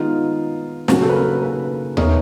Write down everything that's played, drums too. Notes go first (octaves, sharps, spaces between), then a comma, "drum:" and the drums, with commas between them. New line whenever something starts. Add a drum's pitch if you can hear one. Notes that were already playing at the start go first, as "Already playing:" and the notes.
Already playing: D#3 G#3 B3 D#4 F4
C#3 F#3 A#3 C#4 F#4, drum: snare
A4
B4
A#4
B4
B3 D#4 G#4 A#4 C#5 E5, drum: tom D#2